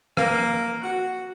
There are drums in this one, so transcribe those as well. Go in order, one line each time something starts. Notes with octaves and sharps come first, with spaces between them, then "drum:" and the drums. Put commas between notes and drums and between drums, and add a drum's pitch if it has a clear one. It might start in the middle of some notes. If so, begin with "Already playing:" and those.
A#3, drum: rim click
F#4